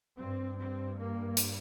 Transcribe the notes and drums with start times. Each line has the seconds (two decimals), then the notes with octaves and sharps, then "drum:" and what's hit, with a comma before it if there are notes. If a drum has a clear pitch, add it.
0.18 G2 C4
0.58 C4
0.98 A#3
1.37 drum: hi-hat